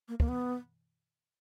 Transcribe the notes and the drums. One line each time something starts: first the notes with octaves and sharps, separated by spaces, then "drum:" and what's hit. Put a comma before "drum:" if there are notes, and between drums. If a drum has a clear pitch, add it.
A#3
A#3, drum: kick
B3